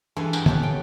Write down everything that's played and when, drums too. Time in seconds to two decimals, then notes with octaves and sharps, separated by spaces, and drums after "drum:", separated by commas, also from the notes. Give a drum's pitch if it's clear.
0.17 G2 E3 G#3 A4 B4 G#5
0.33 G#4 A#4 F#5 G5 A5, drum: tambourine
0.46 B3 C#4 G4 A4 B4, drum: tom
0.63 G5